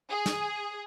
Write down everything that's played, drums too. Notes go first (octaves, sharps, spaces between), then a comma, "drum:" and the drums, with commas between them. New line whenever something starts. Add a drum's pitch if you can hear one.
G#4
drum: snare